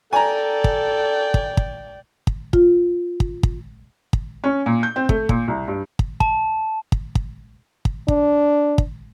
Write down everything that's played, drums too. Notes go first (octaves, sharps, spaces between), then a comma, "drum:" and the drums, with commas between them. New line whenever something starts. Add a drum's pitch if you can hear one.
A4 D5 G5 G#5 A#5
drum: kick
drum: kick
drum: kick
drum: kick
F4, drum: kick
drum: kick
drum: kick
drum: kick
C#4
A#2
G6
C4
A3, drum: kick
A#2, drum: kick
C2
G2
drum: kick
A5, drum: kick
drum: kick
drum: kick
drum: kick
D4, drum: kick
drum: kick